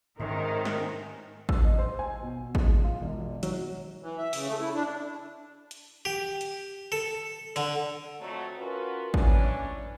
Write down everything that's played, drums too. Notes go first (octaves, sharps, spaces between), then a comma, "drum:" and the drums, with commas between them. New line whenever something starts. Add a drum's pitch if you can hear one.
G#2 C3 D#3 G#3 C#4 A#4
drum: snare
E6, drum: kick A1
D#5
C5
G#5
B2
G#3, drum: kick A1
F4
E1
F#3, drum: hi-hat
E3
E5
C#3, drum: open hi-hat
A3
E4
D4
drum: hi-hat
G4
drum: hi-hat
A4
D3, drum: hi-hat
F2 F#3 A3
C#4 F4 F#4 A#4 B4
E3 C#4 D4, drum: kick A1